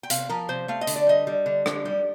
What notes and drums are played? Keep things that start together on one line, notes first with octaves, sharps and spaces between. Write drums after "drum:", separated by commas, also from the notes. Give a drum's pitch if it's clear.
G5
C3 F5, drum: hi-hat
F3 A#4
C3 C5
A3 F5
D#5
D3, drum: hi-hat
D5
G3 D#5
G3
D3
D3, drum: rim click
G3